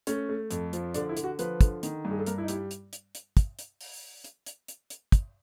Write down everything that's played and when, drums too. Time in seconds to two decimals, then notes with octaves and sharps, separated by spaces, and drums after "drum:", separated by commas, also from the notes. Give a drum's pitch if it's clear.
0.07 A3 C#4, drum: hi-hat
0.29 A3
0.51 F2, drum: hi-hat
0.73 F3, drum: hi-hat
0.94 D3 D4, drum: hi-hat
1.09 E4
1.17 D3, drum: hi-hat
1.24 F#4
1.39 F3 B4, drum: hi-hat
1.61 D3, drum: kick, hi-hat
1.83 D#3, drum: hi-hat
2.05 G2
2.11 G#4
2.19 A4
2.26 G2 A#4, drum: hi-hat
2.38 E4
2.43 D#4
2.48 G3 E4, drum: hi-hat
2.71 drum: hi-hat
2.93 drum: hi-hat
3.15 drum: hi-hat
3.37 drum: kick, hi-hat
3.59 drum: hi-hat
3.81 drum: open hi-hat
4.24 drum: hi-hat
4.46 drum: hi-hat
4.68 drum: hi-hat
4.90 drum: hi-hat
5.12 drum: kick, hi-hat